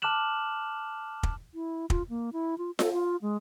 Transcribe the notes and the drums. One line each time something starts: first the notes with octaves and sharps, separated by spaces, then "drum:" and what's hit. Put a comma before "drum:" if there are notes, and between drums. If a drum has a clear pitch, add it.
A5 D6 F6 F#6 E7 F#7
drum: kick
E4
F4, drum: kick
A#3
E4
F4
A4, drum: snare F4
F4
G#3